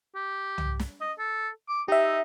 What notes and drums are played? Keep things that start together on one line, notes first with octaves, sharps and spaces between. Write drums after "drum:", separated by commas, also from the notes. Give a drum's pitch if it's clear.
G4
drum: tom
drum: snare
D#5
A4
D6
D#4 G4 E5